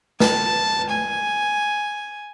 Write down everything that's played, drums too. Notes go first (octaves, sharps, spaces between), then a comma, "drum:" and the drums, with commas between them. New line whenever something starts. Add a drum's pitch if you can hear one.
A5, drum: snare
G#5